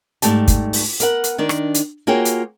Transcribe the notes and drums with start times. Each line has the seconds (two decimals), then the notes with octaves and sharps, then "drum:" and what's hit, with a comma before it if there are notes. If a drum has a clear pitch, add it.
0.22 G#2 C3 G3 A3 G4 A5, drum: hi-hat
0.48 drum: kick, hi-hat
0.73 drum: open hi-hat
1.00 B3 A#4 F#5, drum: hi-hat
1.24 drum: hi-hat
1.38 D#3 D4 A#4
1.49 drum: rim click
1.75 drum: hi-hat
2.07 A#3 F4 F#4 G#4 C#5 G5
2.25 drum: hi-hat